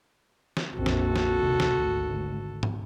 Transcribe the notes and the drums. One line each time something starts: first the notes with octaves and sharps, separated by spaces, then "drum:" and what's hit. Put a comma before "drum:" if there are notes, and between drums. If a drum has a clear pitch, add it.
drum: snare
A#1 F2 C4 F#4 A4
drum: snare
drum: snare
D#2 C3
drum: snare
G#1 D2
drum: tom